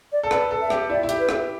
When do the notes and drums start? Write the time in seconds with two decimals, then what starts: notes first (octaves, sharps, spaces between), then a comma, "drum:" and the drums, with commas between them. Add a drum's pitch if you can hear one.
0.12 D5
0.23 A4
0.31 B4 D5, drum: rim click
0.51 A4
0.61 E5
0.70 G4, drum: rim click
0.90 E4 D5
1.03 E4
1.09 G4, drum: hi-hat
1.19 B4
1.29 E4, drum: rim click